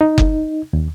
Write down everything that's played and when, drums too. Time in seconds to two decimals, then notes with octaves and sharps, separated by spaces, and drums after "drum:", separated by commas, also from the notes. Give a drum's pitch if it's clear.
0.01 D#4
0.18 drum: kick F#1
0.73 D#2